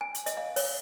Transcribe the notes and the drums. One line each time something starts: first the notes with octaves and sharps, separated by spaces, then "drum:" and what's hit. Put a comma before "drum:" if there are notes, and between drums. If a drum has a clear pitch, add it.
G#5
drum: hi-hat
D#5, drum: hi-hat
F5
C#5, drum: open hi-hat